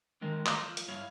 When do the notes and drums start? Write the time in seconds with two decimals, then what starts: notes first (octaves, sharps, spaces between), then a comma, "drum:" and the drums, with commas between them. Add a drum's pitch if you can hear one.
0.21 D3 D#3 G#3 A#4
0.46 A3 A5 A#5 C6, drum: clap
0.62 F3
0.77 drum: hi-hat
0.88 G2 E4 C#5 F5